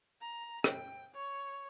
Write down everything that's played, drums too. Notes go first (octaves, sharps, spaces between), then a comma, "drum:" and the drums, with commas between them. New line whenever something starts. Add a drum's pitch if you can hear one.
A#5
G5, drum: rim click
C#5